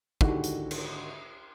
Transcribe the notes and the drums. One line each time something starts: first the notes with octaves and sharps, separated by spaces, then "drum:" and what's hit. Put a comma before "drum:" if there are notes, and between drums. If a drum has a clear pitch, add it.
G#2 D3 D#3 E4 F#4 G4, drum: kick
drum: hi-hat
drum: cymbal